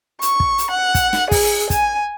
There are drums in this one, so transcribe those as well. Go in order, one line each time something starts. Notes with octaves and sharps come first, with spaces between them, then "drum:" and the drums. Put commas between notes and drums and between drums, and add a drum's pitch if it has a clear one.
C#6, drum: hi-hat
drum: kick
drum: hi-hat
F#5
drum: kick, hi-hat
drum: snare
G#4, drum: kick, open hi-hat
G#5, drum: kick, hi-hat